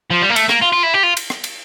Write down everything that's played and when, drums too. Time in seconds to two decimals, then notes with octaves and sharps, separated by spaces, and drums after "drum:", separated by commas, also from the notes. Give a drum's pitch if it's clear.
0.11 F3
0.22 G3
0.30 A#3
0.36 A3, drum: cymbal
0.49 A#3, drum: rim click
0.62 F4
0.73 F4
0.83 E4
0.94 G4
1.03 F4
1.17 drum: cymbal
1.30 drum: rim click
1.44 drum: cymbal